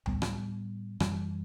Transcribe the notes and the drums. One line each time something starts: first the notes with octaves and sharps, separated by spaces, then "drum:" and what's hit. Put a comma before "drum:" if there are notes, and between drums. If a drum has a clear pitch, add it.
A2 G3 B3, drum: tom D2
drum: rim click
F#2 E3 G3, drum: rim click